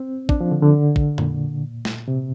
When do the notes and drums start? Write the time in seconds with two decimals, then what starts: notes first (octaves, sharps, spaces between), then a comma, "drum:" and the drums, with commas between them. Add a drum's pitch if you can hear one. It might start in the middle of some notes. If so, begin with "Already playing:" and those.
Already playing: C4
0.29 D4, drum: kick
0.40 F3
0.51 D3
0.63 D3
0.96 drum: kick
1.18 A#2, drum: tom F2
1.85 drum: snare
2.08 C3